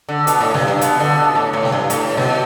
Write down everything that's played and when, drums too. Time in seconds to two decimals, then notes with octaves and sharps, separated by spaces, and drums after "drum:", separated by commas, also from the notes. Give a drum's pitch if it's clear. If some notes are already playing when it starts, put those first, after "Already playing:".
0.09 D3
0.27 B2, drum: hi-hat
0.40 A2
0.54 G2, drum: snare
0.68 G2
0.81 B2, drum: hi-hat
1.00 D3
1.18 B2
1.35 A2
1.53 A2
1.63 drum: snare
1.72 G2
1.90 A2, drum: hi-hat
2.17 B2, drum: snare